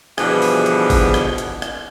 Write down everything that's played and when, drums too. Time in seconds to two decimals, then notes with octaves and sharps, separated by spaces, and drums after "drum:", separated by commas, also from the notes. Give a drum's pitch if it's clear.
0.18 B2 D3 E3 F3 G3 G#4, drum: rim click
0.42 drum: open hi-hat
0.66 drum: hi-hat
0.90 drum: kick, open hi-hat
1.14 drum: rim click
1.38 drum: hi-hat
1.62 drum: rim click